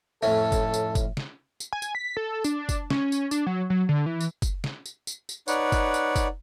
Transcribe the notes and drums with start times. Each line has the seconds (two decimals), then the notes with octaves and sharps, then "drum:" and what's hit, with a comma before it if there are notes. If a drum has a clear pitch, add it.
0.23 F2 A2 C#4 A4 E5
0.52 drum: kick, tambourine
0.74 drum: tambourine
0.95 drum: kick, tambourine
1.17 drum: snare
1.60 drum: tambourine
1.73 G#5
1.82 drum: tambourine
1.95 B6
2.17 A4
2.44 D4, drum: tambourine
2.69 drum: kick, tambourine
2.90 C#4, drum: snare
3.12 drum: tambourine
3.31 D4, drum: tambourine
3.46 F#3
3.70 F#3
3.89 D3
4.06 E3
4.21 drum: tambourine
4.42 drum: kick, tambourine
4.64 drum: snare
4.86 drum: tambourine
5.07 drum: tambourine
5.29 drum: tambourine
5.48 D#4 B4 C#5 D5 F#5, drum: tambourine
5.72 drum: kick, tambourine
5.94 drum: tambourine
6.16 drum: kick, tambourine